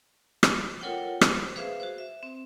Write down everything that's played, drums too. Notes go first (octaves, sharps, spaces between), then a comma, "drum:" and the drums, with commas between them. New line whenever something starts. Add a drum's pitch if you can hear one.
drum: rim click
F4 A4 A#4 C#5 F#5 G5
C5, drum: rim click
G#4 B4 C5 E5 F5
F#4 C5
E5
C4